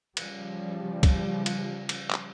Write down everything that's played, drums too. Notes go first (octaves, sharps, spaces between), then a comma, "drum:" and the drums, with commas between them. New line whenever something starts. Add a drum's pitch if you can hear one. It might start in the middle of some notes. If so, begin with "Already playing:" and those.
C#3 F3 G3, drum: cymbal
drum: kick, cymbal
drum: cymbal
drum: cymbal
drum: clap